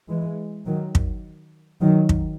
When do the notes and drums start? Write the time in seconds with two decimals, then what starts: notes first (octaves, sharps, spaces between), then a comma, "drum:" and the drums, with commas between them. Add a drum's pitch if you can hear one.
0.08 E3 G#3
0.66 D#3 F#3
0.95 drum: kick
1.81 D#3 F#3
2.09 drum: kick